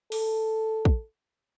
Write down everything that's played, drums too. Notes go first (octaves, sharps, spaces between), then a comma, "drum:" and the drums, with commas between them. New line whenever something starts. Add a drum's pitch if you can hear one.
A4, drum: open hi-hat
drum: kick